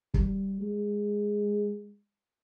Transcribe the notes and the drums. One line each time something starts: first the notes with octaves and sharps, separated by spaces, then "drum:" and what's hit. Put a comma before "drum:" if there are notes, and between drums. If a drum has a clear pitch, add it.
G3, drum: kick
G#3